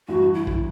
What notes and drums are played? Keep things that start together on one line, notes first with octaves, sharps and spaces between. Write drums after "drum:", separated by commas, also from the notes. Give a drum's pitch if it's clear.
A1 G2 E3 F#4
E4
drum: kick